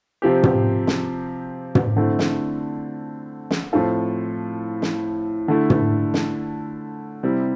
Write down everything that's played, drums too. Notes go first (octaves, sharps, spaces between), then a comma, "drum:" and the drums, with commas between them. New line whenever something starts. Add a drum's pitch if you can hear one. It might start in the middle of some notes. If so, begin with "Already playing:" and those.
C3 F3 C4 G4
drum: tom
drum: snare
drum: tom
D3 A3 C4 E4
drum: snare
drum: snare
A2 F3 C4 F4 A4
drum: snare
D3 A3 E4
drum: tom
drum: snare
C3 G3 C4 E4